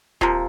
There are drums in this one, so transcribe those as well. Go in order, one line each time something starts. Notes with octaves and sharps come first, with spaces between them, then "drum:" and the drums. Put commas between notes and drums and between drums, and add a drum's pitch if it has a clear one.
C3 F3 A#3, drum: kick D#1